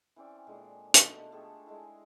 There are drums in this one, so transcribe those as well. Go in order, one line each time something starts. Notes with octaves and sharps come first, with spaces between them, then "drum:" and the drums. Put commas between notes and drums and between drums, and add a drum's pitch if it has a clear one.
E3 C4 C#4 D5
A#2 D3 G#3
B2 D3 D#3 A3, drum: hi-hat
A3 F4 G4 G#4
G#3 E4